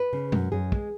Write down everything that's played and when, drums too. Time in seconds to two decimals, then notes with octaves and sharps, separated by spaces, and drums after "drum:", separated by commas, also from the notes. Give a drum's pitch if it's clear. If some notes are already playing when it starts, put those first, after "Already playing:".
Already playing: B4
0.13 C#3
0.32 F#2, drum: tom B2
0.52 F#2 G#4
0.72 G#3, drum: kick